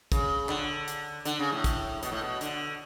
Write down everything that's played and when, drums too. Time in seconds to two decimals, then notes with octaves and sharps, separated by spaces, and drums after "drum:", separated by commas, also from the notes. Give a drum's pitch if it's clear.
0.12 C#3, drum: kick, hi-hat
0.49 D3, drum: clap
0.88 drum: hi-hat
1.25 D3, drum: hi-hat
1.39 C#3
1.52 A2
1.64 drum: kick, hi-hat
2.03 B2, drum: hi-hat
2.12 A2
2.22 B2
2.41 D3, drum: hi-hat